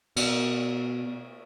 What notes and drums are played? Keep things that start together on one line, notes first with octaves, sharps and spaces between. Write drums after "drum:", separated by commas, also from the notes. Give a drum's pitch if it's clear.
B2, drum: cymbal